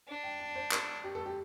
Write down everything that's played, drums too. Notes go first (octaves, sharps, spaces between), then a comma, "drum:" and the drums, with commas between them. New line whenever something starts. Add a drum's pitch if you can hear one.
D4
G5
A5
C5
A#4, drum: clap
G4
A4
G4